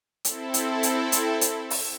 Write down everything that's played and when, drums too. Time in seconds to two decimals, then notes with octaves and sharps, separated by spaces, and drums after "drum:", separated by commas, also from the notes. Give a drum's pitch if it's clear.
0.25 C4 E4 A4, drum: hi-hat
0.54 drum: hi-hat
0.83 drum: hi-hat
1.12 drum: hi-hat
1.41 drum: hi-hat
1.70 drum: open hi-hat